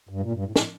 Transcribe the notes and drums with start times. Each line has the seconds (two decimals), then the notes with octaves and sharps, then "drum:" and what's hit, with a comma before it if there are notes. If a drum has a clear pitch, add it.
0.09 G2
0.20 A#2
0.32 G2
0.44 A2
0.56 A2, drum: snare